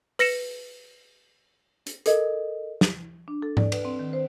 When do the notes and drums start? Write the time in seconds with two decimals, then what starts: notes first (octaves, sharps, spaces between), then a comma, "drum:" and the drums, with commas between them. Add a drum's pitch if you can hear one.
0.19 B4 A#6 C#7 E7, drum: open hi-hat
1.87 drum: hi-hat
2.06 A4 A#4 D#5, drum: hi-hat
2.81 drum: snare
3.28 D4
3.42 A4
3.57 D5, drum: tom G#2
3.72 B4, drum: cymbal
3.85 C4
3.99 D#3
4.13 C5